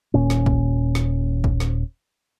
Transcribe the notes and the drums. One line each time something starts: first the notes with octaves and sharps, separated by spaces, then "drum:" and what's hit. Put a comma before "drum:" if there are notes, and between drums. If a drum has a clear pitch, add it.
D#1 A#2 C#4
drum: snare
drum: kick
drum: snare
drum: kick
drum: snare